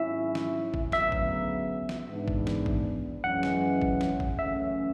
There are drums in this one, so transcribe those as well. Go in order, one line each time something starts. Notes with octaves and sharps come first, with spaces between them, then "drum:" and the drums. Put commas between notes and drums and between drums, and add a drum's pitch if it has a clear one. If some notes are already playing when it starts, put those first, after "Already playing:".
Already playing: G#1 G#2 F#3 C#4 E4 E5
drum: snare
drum: kick
D2 C#3 F#3 B3 E5, drum: snare
drum: kick
drum: snare
G#2 E3 B3 D4
drum: kick
drum: snare
drum: kick
F#2 E3 G#3 C#4 F#5
drum: snare
drum: kick
drum: snare
drum: kick
F#2 C#3 E3 A3 C#4 E5